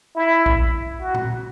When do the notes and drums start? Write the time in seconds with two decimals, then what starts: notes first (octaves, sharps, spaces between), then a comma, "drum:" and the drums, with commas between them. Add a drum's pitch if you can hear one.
0.15 E4
0.46 drum: kick A#1
1.01 F#4
1.14 drum: tom A#2